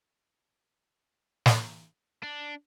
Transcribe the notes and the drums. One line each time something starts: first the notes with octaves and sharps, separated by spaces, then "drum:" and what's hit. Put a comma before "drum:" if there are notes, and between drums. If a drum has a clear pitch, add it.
drum: snare
D4